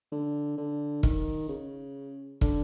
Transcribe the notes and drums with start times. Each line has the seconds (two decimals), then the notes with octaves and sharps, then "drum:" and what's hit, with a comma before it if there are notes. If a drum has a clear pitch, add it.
0.12 D3
0.58 D3
1.03 D#3, drum: kick
1.49 C#3
2.41 D3, drum: kick